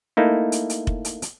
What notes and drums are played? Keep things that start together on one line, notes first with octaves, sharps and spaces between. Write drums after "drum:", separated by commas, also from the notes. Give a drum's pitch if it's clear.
A3 A#3 D#4 E4
drum: hi-hat
drum: hi-hat
drum: kick F1
drum: hi-hat
drum: hi-hat